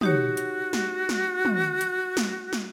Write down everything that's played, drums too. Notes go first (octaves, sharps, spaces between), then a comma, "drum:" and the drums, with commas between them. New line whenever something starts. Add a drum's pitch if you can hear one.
D#4 F#4 G4 C#5, drum: tom
drum: hi-hat
drum: snare
drum: snare
drum: tom
drum: hi-hat
drum: snare
drum: snare